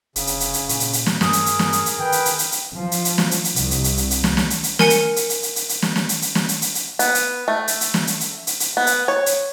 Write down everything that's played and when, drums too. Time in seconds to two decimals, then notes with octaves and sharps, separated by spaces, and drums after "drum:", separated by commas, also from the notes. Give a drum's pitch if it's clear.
0.16 F1 C#3 C#4, drum: hi-hat
0.27 drum: hi-hat
0.40 drum: hi-hat
0.54 drum: hi-hat
0.69 A#2, drum: hi-hat
0.80 drum: hi-hat
0.93 drum: hi-hat
1.06 drum: snare
1.21 G2 G#4 A#4 D#6, drum: snare
1.33 drum: hi-hat
1.46 drum: hi-hat
1.59 drum: snare
1.73 drum: hi-hat
1.86 drum: hi-hat
1.99 D#3 B4 G5
2.12 drum: hi-hat
2.25 drum: hi-hat
2.39 drum: hi-hat
2.52 drum: hi-hat
2.74 F3
2.92 drum: hi-hat
3.05 drum: hi-hat
3.18 drum: snare
3.31 drum: hi-hat
3.44 drum: hi-hat
3.56 C2, drum: hi-hat
3.71 drum: hi-hat
3.84 drum: hi-hat
3.97 drum: hi-hat
4.11 drum: hi-hat
4.24 drum: snare
4.37 drum: snare
4.50 drum: hi-hat
4.63 drum: hi-hat
4.79 A#4 G#5 C#7, drum: snare
4.90 drum: hi-hat
5.16 drum: hi-hat
5.30 drum: hi-hat
5.43 drum: hi-hat
5.56 drum: hi-hat
5.69 drum: hi-hat
5.82 drum: snare
5.96 drum: snare
6.09 drum: hi-hat
6.22 drum: hi-hat
6.35 drum: snare
6.49 drum: hi-hat
6.62 drum: hi-hat
6.75 drum: hi-hat
6.99 B3, drum: hi-hat
7.15 drum: hi-hat
7.48 A3
7.68 drum: hi-hat
7.81 drum: hi-hat
7.94 drum: snare
8.07 drum: hi-hat
8.20 drum: hi-hat
8.47 drum: hi-hat
8.60 drum: hi-hat
8.77 B3
8.87 drum: hi-hat
9.08 C#5
9.26 drum: hi-hat